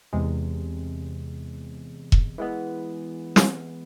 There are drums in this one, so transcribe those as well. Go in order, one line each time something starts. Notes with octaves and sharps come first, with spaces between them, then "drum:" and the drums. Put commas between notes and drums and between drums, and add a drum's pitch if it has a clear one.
E2 C3 G#3
drum: kick E1
E3 G#3 B3
drum: snare